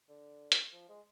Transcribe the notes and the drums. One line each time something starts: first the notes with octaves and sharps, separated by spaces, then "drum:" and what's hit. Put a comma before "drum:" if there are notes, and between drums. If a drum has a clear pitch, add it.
D3
drum: hi-hat
F3
G#3